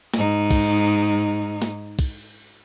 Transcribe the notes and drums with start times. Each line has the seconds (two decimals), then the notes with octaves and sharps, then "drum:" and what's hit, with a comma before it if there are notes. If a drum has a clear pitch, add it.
0.14 G#2 D#4, drum: snare
0.51 drum: kick, cymbal
1.62 drum: snare
1.99 drum: kick, cymbal